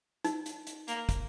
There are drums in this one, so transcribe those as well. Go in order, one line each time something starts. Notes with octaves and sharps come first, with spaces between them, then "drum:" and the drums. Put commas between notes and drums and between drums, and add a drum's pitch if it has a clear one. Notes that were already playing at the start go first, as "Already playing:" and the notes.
D#4, drum: hi-hat
drum: hi-hat
drum: hi-hat
A#3, drum: hi-hat
drum: kick, hi-hat